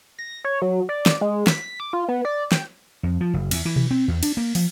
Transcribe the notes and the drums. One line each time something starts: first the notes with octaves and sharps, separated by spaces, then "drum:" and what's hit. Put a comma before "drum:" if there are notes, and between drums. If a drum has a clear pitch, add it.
A#6
C#5
F#3
D5
drum: snare
G#3
B6, drum: snare
D6
F4
B3
D5
G5, drum: snare
F2
F3
F#1
E2, drum: cymbal
E3
drum: tom B2
C4
E2
D4, drum: cymbal
A#3
F3, drum: open hi-hat